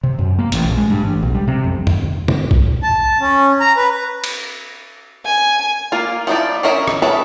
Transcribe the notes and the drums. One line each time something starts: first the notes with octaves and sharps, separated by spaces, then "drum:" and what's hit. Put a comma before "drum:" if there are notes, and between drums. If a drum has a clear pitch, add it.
C3
F#2
A#3
A1, drum: hi-hat
A#1
G#3
G2
A1
B1
G3
C3
F2
drum: tom F2
drum: tom
drum: kick B1
A5
C#4
A#5
B4
drum: cymbal
G#5
A#3 F4
F3 C#4 D#4 E4 D5
C#4 E4 A#4 D#5 E5
drum: rim click
G#3 C#4 A4 B4 E5